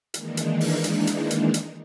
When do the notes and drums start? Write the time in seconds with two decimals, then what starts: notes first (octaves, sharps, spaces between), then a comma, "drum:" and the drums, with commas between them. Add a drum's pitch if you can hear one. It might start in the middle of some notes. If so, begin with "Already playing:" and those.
0.14 D#3 E3 G#3 A#3 D4 D#4, drum: hi-hat
0.37 drum: hi-hat
0.61 drum: open hi-hat
0.84 drum: hi-hat
1.07 drum: hi-hat
1.31 drum: hi-hat
1.54 drum: hi-hat